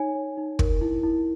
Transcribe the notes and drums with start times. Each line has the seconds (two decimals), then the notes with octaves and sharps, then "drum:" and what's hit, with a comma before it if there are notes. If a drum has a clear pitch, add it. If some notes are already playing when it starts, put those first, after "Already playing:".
Already playing: D#4 C#5 G#5
0.15 C#5
0.37 D#4
0.59 A#4, drum: kick
0.81 E4
1.03 E4